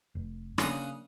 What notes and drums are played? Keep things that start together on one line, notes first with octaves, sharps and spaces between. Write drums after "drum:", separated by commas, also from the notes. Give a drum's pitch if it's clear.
F1
C#3 A#3 D4 F#5 D#6, drum: rim click